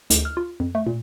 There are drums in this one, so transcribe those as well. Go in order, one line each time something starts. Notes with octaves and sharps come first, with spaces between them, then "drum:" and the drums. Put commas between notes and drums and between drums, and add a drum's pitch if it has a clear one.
D2, drum: hi-hat
F6
F4
F2
A3
A#2